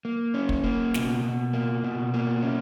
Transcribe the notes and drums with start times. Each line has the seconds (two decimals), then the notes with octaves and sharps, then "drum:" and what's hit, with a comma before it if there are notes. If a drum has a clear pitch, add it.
0.05 A#3
0.34 C#4
0.49 drum: kick
0.64 A#3
0.94 B2, drum: snare
1.24 B2
1.53 A#3
1.84 B2
2.14 A#3
2.42 C#4